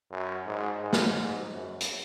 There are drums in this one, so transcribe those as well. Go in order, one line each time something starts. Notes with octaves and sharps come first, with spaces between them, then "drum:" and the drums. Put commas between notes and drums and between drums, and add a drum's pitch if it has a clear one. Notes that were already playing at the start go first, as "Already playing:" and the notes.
F#2
G#2
G#2
drum: snare
G#2
F#2
drum: hi-hat